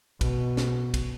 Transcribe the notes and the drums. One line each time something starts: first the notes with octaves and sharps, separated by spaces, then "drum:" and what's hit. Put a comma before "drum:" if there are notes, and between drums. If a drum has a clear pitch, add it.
B2, drum: kick, cymbal
drum: snare
drum: kick, cymbal